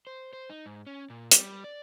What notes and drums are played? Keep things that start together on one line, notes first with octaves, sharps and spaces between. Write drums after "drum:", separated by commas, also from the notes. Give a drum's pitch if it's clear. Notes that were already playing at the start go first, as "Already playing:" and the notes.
C5
C5
D#4
G#2
C#4
A#2
G3, drum: hi-hat
D5